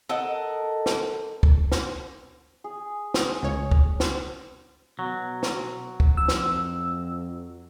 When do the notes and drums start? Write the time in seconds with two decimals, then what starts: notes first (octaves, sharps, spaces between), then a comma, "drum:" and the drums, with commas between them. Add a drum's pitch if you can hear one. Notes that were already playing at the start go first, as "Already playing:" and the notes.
0.09 A4 A#4 D#5 F#5
0.86 drum: snare
1.43 drum: kick
1.72 drum: snare
2.64 G#4
3.14 drum: snare
3.43 C#2 C#5
3.71 drum: kick
4.00 drum: snare
4.99 B2 F#3
5.43 drum: snare
6.00 drum: kick
6.17 F2 E6
6.28 drum: snare